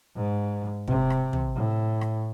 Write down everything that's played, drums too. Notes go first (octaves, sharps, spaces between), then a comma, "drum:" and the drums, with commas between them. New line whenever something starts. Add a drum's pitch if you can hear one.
G#2
C3, drum: kick
drum: rim click
drum: tom
A2
drum: rim click